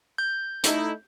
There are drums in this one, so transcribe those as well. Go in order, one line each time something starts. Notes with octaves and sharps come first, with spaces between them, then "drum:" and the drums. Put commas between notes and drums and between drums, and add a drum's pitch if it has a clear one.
G6
A3 D#4 E4, drum: hi-hat